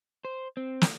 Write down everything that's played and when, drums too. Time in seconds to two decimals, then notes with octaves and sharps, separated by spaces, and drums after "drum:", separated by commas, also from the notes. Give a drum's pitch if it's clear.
0.25 C5
0.57 C4
0.81 drum: snare